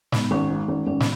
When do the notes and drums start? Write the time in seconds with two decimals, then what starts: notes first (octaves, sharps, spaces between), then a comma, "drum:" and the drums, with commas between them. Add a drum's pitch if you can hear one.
0.12 G#2 B3, drum: snare
0.31 G#1 C#4
0.49 G#2
0.68 G#1 C#4
0.87 G#1 C#4
1.00 B3, drum: snare